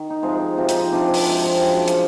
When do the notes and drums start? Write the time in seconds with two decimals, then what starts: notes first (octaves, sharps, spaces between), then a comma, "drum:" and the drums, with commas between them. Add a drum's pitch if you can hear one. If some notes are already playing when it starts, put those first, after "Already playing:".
Already playing: D#3
0.10 D#4
0.22 C3 F3 G#3 C4 D#4
0.57 C3 F3 G#3 C4
0.69 D#4, drum: hi-hat
0.80 D#4
0.92 C3 F3 G#3 C4 D4
1.14 drum: open hi-hat
1.27 C3 F3 G#3 C4
1.62 F#2 C#3 F3 G#3
1.88 drum: hi-hat